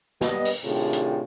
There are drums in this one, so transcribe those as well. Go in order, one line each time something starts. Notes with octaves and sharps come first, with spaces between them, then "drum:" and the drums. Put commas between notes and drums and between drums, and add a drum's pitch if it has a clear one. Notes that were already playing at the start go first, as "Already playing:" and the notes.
G2 B3 D#5, drum: snare
drum: open hi-hat
A2 C3 D#3 D4 F4 G#4
drum: hi-hat